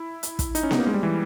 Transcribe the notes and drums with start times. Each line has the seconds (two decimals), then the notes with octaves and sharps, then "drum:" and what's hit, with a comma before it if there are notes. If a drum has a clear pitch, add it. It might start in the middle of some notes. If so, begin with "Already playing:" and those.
Already playing: E4
0.23 drum: hi-hat
0.39 drum: kick, hi-hat
0.55 D#4, drum: hi-hat
0.63 C#4
0.71 B3, drum: snare B3
0.79 A#3
0.87 G#3
0.94 G3
1.03 E3